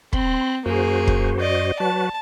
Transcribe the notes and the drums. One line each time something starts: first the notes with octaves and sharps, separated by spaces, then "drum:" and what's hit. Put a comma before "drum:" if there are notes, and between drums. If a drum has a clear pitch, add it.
C4 B5 C6, drum: kick
F#2 A#3 F#4 G#4 C5
drum: kick
D5 D#5
F#3 F#4 B4 A5